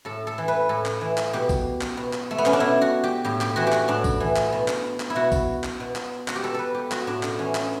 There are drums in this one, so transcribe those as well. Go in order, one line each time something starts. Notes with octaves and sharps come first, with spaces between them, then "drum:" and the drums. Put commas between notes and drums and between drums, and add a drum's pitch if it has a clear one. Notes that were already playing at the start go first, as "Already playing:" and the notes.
A2 A4
A4
E3
B4
A2 A4
drum: clap
E3
drum: clap
B2 G4
drum: kick, tambourine
drum: clap
B2
drum: clap
A3
B3
C#4, drum: clap
D4
B2 E4
F#4
G4
A2 G4
G4, drum: clap
E3 F#4
G4
F#4, drum: clap
A2 D4
drum: kick, tambourine
E3
drum: clap
B2
drum: clap
drum: clap
E4
B2 F#4
drum: kick, tambourine
drum: clap
B2
drum: clap
F#4, drum: clap
G4
B2 A4
A4 B4
G4
F#4, drum: clap
A2 D4
drum: clap
E3 C#4
drum: clap